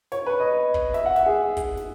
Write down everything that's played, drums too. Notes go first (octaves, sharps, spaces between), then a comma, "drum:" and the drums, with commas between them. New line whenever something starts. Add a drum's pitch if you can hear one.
C#5, drum: snare
B4
D#5
drum: kick
E5, drum: snare
F#5
E5, drum: snare
G#4
drum: kick, hi-hat
drum: snare